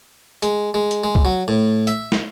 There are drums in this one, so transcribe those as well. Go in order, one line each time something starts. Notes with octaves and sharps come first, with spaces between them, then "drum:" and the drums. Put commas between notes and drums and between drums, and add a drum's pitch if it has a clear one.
G#3, drum: hi-hat
G#3
drum: hi-hat
G#3
drum: kick C2
F#3
A2
E5, drum: hi-hat
drum: snare